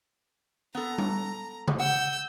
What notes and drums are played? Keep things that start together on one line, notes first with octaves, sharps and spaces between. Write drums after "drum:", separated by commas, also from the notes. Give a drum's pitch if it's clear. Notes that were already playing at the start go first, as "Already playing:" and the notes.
B3 A4 A#5
drum: tom G3
drum: tom C#3
F#5 E6 G6